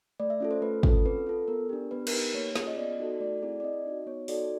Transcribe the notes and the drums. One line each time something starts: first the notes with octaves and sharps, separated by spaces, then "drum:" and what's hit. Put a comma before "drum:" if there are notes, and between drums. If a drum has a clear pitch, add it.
A3 D5
E5
C#4 F4 A4
C5
A3 B4
C#4 F4 A4, drum: kick
C4 B4
F4 A4
B3 A#4
D4 G4
B3 B4
A#4, drum: cymbal
D#4 G4 B4
A#3 C#5
C#4 F4 G#4, drum: snare
D#5
B3 D5
D#4 F#4 A4
A3 D5
C4 E4 G#4 D5
D5
C4 D#5
D#4 F#4
B3 C#5
D#4 F#4 A4 D5, drum: open hi-hat